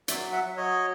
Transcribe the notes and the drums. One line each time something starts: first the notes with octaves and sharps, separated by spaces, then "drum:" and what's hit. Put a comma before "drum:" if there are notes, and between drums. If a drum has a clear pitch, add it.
F#3 D5 E5, drum: hi-hat
E5 F#5
F#3
C#5 D#5